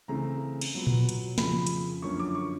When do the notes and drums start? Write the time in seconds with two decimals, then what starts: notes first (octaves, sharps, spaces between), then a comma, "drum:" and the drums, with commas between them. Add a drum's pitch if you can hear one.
0.08 C#3 E3 A3 C4 A#5
0.62 drum: cymbal
0.74 A#2 F#3 B3
0.87 drum: tom A#2
1.09 drum: hi-hat
1.38 F2 C#3 F3 B5, drum: snare
1.67 drum: hi-hat
2.02 F#2 D3 F3 A#3 C#4 C#6
2.19 D6
2.35 C#6